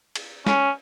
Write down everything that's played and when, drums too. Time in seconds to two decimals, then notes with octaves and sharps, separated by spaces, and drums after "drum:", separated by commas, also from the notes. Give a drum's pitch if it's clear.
0.15 drum: cymbal
0.47 C#4, drum: snare